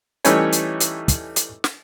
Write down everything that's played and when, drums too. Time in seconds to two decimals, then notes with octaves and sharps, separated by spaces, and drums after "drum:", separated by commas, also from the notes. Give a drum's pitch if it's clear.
0.25 E3 G3 A3 C#4 D#4 C#5, drum: hi-hat
0.52 drum: hi-hat
0.80 drum: hi-hat
1.08 drum: kick, hi-hat
1.36 drum: hi-hat
1.64 drum: snare